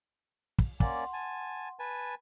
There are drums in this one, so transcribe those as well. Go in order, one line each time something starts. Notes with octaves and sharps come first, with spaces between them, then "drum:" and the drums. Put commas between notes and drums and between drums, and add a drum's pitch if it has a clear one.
drum: kick
A#3 C#4 D5 F#5 C6, drum: kick
G#5 A5
B4 G#5 A5